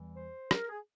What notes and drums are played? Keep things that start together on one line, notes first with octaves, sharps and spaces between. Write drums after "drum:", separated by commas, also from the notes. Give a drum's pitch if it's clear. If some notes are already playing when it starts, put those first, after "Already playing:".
Already playing: E2 E3 G3
C5
A#4, drum: rim click
G#4